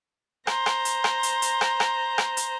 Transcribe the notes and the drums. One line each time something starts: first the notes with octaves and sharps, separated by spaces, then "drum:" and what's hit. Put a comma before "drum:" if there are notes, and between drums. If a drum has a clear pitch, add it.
C5 A#5, drum: rim click
drum: rim click
drum: hi-hat
drum: rim click
drum: hi-hat
drum: hi-hat
drum: rim click
drum: rim click
drum: rim click
drum: hi-hat